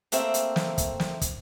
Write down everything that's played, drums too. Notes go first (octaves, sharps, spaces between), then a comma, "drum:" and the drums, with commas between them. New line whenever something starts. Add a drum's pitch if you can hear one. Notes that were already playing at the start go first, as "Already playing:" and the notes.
A3 A#3 C4 E5 G5, drum: hi-hat
drum: hi-hat
drum: snare
drum: kick, hi-hat
drum: snare
drum: kick, hi-hat